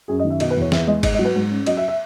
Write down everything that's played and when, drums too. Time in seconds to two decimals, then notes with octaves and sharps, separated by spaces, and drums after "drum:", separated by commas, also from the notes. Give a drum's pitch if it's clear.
0.08 F#2 G#4
0.19 D#5
0.24 D#3
0.30 E5
0.40 B2 D#5, drum: cymbal
0.50 B4
0.57 E2 C#5
0.72 E2 E5, drum: snare
0.87 G#3 D#5
1.03 G#2 D#5, drum: kick, cymbal
1.14 D#5
1.19 F#3
1.25 B4
1.36 G#2
1.51 C#4
1.66 F#3 D#5, drum: cymbal
1.77 E5
1.88 E5